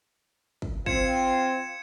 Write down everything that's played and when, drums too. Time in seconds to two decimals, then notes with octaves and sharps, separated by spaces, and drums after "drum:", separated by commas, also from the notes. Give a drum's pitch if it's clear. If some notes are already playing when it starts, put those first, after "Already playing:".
0.62 drum: kick
0.86 C4 F4 G#6 C#7 E7, drum: kick